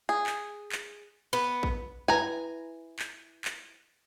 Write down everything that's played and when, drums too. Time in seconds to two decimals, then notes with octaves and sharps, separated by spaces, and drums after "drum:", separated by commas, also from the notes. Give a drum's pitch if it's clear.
0.09 G#4
0.27 drum: clap
0.72 drum: clap
1.33 B3
1.63 drum: kick A1
2.08 E4 B4 G#5 A#5
2.99 drum: clap
3.45 drum: clap